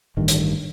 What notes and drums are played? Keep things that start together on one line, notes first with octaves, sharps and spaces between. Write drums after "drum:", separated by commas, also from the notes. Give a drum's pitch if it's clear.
A1 G2 D#3
drum: hi-hat